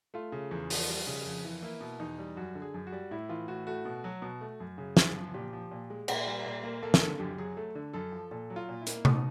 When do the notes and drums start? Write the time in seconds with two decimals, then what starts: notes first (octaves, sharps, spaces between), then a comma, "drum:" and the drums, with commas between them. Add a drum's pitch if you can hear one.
0.14 A3 F4
0.32 C#3
0.51 E2
0.70 F3, drum: open hi-hat
0.88 G3
1.07 C#3
1.25 F2
1.45 E3
1.63 A#3 E4
1.81 B2
1.99 E2 D#4
2.18 G3
2.37 F#2 F#4
2.55 D3
2.62 G#4
2.74 F#2
2.87 F#4
2.93 G3
3.11 A2 E4
3.29 E3 F4
3.48 A2 F#4
3.67 A3 F#4
3.85 B2
4.04 F#3
4.22 B2
4.41 A3
4.60 F#2
4.78 C#3
4.97 F#2, drum: snare
5.15 F3
5.34 A#2 G4
5.53 F3
5.71 A#2
5.90 G#3
6.08 A#2, drum: cymbal
6.27 G3
6.46 A#2
6.63 A#3
6.82 A#3 A4
6.94 A#4, drum: snare
7.01 D3 A4
7.19 F#2 G4
7.38 F#3 G#4
7.57 A3 A4
7.75 D3
7.93 F#2 A4
8.12 F3
8.31 A#2 A4
8.50 F#3
8.56 F4
8.69 A#2
8.81 E4
8.87 A#3, drum: hi-hat
9.05 B2 D#4, drum: tom C3